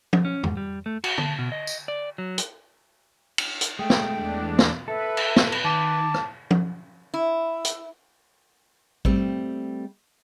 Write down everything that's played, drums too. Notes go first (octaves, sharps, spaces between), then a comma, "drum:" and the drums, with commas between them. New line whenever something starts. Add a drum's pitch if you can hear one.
drum: tom F3
C#4
G#2, drum: tom E2
G3
A3
F#4, drum: cymbal
A5, drum: tom
B2
D#5
drum: tambourine
D5
F#3
drum: hi-hat
drum: cymbal
drum: hi-hat
G#3 A3 G5
drum: snare
E2 D4
drum: snare
A4 B4 E5
drum: cymbal
drum: snare
drum: cymbal
D#3 A5 D6
drum: rim click
drum: tom F3
E4
drum: hi-hat
G3 A3 C4, drum: kick A1